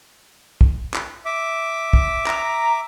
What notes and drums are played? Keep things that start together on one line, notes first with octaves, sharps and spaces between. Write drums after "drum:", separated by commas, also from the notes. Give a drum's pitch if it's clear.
drum: kick
drum: clap
E5 D6
drum: kick
A#5, drum: clap